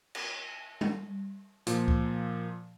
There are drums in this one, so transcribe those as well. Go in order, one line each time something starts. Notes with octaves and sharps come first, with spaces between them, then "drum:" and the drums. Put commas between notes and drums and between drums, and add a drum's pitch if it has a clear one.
drum: cymbal
drum: tom G3
A#2 F3, drum: hi-hat
drum: kick C#2